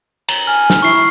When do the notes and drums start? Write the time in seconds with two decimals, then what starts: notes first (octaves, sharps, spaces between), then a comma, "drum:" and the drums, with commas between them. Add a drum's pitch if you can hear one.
0.29 A#5 F#7 G7, drum: cymbal
0.47 G#5 F6
0.70 drum: snare
0.82 E4 C#6 C7